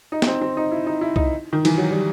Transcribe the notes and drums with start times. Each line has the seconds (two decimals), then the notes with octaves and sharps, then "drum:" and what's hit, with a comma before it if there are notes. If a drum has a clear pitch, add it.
0.12 D#4
0.22 D#4, drum: snare
0.27 C4
0.41 C4
0.57 D#4
0.71 E4
0.86 D#4
1.01 E4
1.16 D#4, drum: kick C2
1.53 D#3
1.65 E3, drum: cymbal
1.77 F#3
1.91 G3